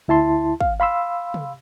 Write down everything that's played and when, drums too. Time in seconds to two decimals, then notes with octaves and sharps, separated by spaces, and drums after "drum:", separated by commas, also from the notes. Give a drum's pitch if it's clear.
0.08 D2 E4 A5 C6
0.61 F5, drum: kick
0.80 F5 B5 C6 E6
1.34 drum: tom